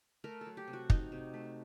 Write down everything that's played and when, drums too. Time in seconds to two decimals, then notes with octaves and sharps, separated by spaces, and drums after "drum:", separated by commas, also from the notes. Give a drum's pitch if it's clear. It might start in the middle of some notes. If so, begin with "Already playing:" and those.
0.24 A3 A#4
0.41 A4
0.47 F#3
0.57 G4
0.68 C3
0.73 F#4
0.90 C3 D#4, drum: kick
1.12 C3
1.34 A3